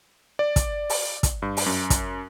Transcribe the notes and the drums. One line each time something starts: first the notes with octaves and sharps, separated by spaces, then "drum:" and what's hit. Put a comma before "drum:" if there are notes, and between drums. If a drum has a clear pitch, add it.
D5
drum: kick, hi-hat
drum: open hi-hat
drum: kick, hi-hat
G2
drum: open hi-hat
F#2
drum: kick, hi-hat